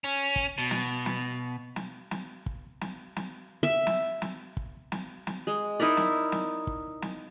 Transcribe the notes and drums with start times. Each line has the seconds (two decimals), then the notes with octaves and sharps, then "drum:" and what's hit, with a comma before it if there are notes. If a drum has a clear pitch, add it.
0.04 C#4
0.36 drum: kick
0.58 B2
0.71 drum: snare
1.06 drum: snare
1.76 drum: snare
2.11 drum: snare
2.46 drum: kick
2.81 drum: snare
3.16 drum: snare
3.63 E5
3.87 drum: snare
4.22 drum: snare
4.57 drum: kick
4.92 drum: snare
5.27 drum: snare
5.47 G#3
5.80 D#4 E4 A#4 D5
5.97 drum: snare
6.32 drum: snare
6.67 drum: kick
7.02 drum: snare